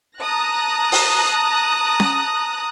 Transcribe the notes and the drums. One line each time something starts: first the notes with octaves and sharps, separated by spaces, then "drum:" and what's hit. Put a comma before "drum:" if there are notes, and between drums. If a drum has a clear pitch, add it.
A5 A#5 D#6 F#6 A#6
drum: open hi-hat
drum: snare C#4